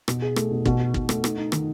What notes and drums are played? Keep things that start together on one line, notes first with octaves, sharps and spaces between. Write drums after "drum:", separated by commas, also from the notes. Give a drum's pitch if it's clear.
B2, drum: rim click
G#4
A3, drum: rim click
B2
B2, drum: kick
F#4
B2, drum: kick
A3, drum: rim click
D#4, drum: rim click
D#4
D#3, drum: rim click